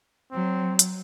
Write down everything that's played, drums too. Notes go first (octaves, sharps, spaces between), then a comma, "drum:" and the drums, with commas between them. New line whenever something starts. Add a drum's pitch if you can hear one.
F#3 C4
drum: hi-hat